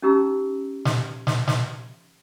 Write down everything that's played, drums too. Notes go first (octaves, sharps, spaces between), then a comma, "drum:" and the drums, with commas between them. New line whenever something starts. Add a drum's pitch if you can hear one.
C#4 D#4 G4 A#5 E6
drum: snare
drum: snare
drum: snare